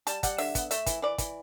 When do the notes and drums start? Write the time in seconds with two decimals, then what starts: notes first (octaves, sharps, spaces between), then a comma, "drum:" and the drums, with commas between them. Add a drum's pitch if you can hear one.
0.07 G3 A5, drum: hi-hat
0.23 G3 F#5, drum: kick, hi-hat
0.38 D3 E5, drum: open hi-hat
0.55 B3, drum: kick, hi-hat
0.71 A3 E5, drum: hi-hat
0.86 E3, drum: kick, hi-hat
1.02 E3 D5
1.18 E3, drum: kick, hi-hat